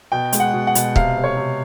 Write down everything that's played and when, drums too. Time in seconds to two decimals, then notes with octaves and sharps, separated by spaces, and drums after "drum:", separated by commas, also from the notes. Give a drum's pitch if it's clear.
0.12 B2 G5
0.33 G#3, drum: hi-hat
0.40 F#5
0.53 B2
0.67 F#5
0.75 B2, drum: hi-hat
0.96 C3 F5, drum: kick
1.17 C3
1.24 C#5
1.37 C3